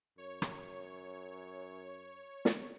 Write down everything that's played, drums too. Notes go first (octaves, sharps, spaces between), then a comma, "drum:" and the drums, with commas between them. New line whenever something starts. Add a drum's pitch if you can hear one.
F#2 C#5
drum: rim click
drum: snare